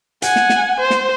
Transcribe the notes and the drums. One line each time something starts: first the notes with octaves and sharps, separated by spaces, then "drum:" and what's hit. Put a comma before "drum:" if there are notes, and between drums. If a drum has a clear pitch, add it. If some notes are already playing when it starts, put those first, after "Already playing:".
F#5 G#5, drum: hi-hat
drum: snare
drum: snare
C5
drum: snare